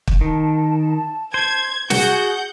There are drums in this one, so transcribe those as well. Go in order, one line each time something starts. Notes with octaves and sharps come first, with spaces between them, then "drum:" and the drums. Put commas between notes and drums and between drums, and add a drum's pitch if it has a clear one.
drum: kick
D#3 A5
C5 G#6
F#4 G#4 F#5 G6, drum: snare